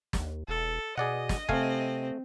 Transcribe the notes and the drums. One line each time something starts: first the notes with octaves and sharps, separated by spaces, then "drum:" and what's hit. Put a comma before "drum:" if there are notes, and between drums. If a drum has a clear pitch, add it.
D#2, drum: snare
E1 A4
B2 G#4 D5 D#5 F#5
drum: snare
C3 A3 C4 F5 G#5, drum: kick